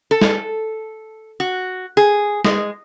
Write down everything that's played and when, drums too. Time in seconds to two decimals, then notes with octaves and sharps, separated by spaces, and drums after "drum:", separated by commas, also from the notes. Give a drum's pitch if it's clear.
0.11 A4
0.21 drum: snare
1.40 F#4
1.97 G#4
2.45 G#3, drum: snare